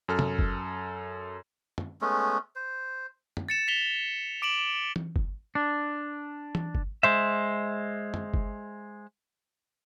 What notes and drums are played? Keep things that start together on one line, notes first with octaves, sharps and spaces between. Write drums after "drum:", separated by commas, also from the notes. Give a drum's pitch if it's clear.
F#2 A4 F6
drum: tom
drum: kick
drum: tom
G#3 A3 B3 C#4
C5
drum: tom
A6 C#7 E7
B6 F7 G7
D6 D7 E7 F#7
drum: tom E3
drum: kick
D4
drum: tom E3
drum: kick
G#3 C5 E5
drum: tom
drum: kick